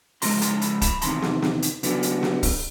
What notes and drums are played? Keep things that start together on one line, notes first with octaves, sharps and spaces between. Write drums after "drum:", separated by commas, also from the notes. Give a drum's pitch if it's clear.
C#3 F3 G#3 A#5 C6, drum: open hi-hat
A#5 C6, drum: hi-hat
A5 B5, drum: hi-hat
A5 B5, drum: kick, hi-hat
E2 C3 D#3 A#5 C6, drum: hi-hat
drum: snare
drum: snare
drum: hi-hat
C#3 F#3 B3 D4, drum: hi-hat
drum: hi-hat
drum: snare
drum: kick, open hi-hat